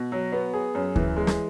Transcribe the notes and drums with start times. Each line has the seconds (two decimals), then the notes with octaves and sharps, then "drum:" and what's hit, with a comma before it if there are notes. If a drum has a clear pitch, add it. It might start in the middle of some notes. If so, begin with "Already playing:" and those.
Already playing: B2
0.12 F#3
0.32 B3
0.54 G#4
0.75 F#2
0.96 E3, drum: kick D2
1.17 G#3
1.27 drum: snare